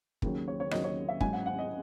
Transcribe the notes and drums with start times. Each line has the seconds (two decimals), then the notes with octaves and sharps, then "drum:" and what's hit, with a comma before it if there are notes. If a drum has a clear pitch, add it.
0.22 D#2 C#3 F#3, drum: kick
0.48 C#5
0.60 C#5
0.71 D#2 C#3 F#3 D#5, drum: rim click
0.84 C#5
1.09 E5
1.21 G#2 F#3 G#5, drum: kick
1.33 F#5
1.46 F#5
1.59 D#5